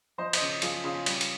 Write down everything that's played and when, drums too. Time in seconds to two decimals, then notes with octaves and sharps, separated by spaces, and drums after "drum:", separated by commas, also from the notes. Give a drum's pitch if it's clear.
0.18 F3 C5 D#5
0.33 C5 D#5, drum: cymbal
0.41 C#3
0.62 F3 F4 G#4, drum: cymbal
0.84 C#3 F4 G#4
1.06 G3, drum: cymbal
1.21 drum: cymbal